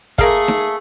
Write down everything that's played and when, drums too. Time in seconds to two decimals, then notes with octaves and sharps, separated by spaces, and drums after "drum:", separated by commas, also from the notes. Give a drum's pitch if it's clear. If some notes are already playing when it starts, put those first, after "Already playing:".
0.18 A3 A#3 G#4 F5, drum: kick
0.48 drum: snare D#4